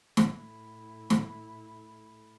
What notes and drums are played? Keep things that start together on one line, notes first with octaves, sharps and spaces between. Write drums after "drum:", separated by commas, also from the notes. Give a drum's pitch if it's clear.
A2 E4, drum: snare
drum: snare